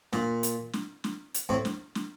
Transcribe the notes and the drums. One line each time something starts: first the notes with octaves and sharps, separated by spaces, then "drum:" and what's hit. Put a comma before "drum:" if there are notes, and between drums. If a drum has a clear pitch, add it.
A#2, drum: snare
drum: hi-hat
drum: snare
drum: snare
drum: hi-hat
A2 C3
drum: snare
drum: snare